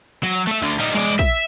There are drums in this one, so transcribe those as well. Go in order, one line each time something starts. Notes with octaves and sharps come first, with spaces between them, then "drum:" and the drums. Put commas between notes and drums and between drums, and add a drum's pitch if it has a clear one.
F#3
A3 E5
D2 D3
G3 D#4
G#3 D5, drum: clap
E5, drum: kick, tambourine